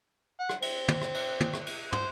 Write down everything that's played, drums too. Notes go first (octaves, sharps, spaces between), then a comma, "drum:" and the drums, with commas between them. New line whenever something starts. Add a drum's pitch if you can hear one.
F#5
drum: rim click
C4, drum: cymbal
drum: tom
drum: rim click
drum: cymbal
drum: tom
drum: rim click
drum: cymbal
C5, drum: tom